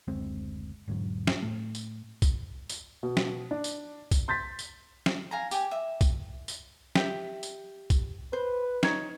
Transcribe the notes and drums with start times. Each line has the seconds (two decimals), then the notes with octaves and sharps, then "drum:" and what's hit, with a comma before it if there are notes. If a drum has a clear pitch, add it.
0.07 F#1 D2 G#3 C4
0.88 E1 G#2 D3 F#3
1.27 drum: snare
1.43 A2 A3
1.75 drum: tambourine
2.22 drum: kick, tambourine
2.69 drum: tambourine
3.03 B2
3.17 drum: snare
3.51 D4
3.64 drum: tambourine
4.11 drum: kick, tambourine
4.28 C6 G6 A6 B6
4.59 drum: tambourine
5.06 drum: snare
5.31 F5 G#5 A#5
5.51 G4 G#5, drum: tambourine
5.71 E5
6.01 drum: kick, tambourine
6.48 drum: tambourine
6.95 G4 E5, drum: snare
7.43 drum: tambourine
7.90 drum: kick, tambourine
8.33 B4 C5
8.83 D#4 C#5, drum: snare